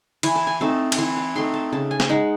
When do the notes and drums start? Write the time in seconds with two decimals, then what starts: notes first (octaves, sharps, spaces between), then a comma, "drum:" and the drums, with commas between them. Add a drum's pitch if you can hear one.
0.23 E3 G#5, drum: cymbal
0.35 A5
0.47 G#5
0.61 A3 C4 D#4 A5
0.92 A5, drum: cymbal
0.98 E3 C6
1.17 A5
1.35 A3 C4 D#4 C6
1.54 A5
1.73 C#3 A5
1.91 G#5
2.00 drum: snare
2.09 G#3 D#4 F#5